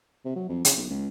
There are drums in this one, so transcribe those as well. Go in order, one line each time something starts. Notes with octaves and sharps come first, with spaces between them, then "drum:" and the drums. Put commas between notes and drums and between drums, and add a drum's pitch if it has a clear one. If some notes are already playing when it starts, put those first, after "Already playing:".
C3
F#3
F2
C#3, drum: hi-hat
B1
C#2